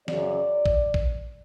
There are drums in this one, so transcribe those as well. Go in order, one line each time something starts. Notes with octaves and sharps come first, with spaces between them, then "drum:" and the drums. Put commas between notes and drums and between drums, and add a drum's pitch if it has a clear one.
F#2 C#3 F#3 D5, drum: snare
drum: kick
drum: kick